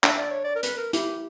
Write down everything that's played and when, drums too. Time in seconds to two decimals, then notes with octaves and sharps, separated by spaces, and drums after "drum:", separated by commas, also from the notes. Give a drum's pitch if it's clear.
0.04 D4 E5, drum: clap
0.18 D5
0.31 C#5
0.44 D5
0.56 A#4
0.63 B4, drum: hi-hat
0.78 A#4
0.93 E4 G4, drum: hi-hat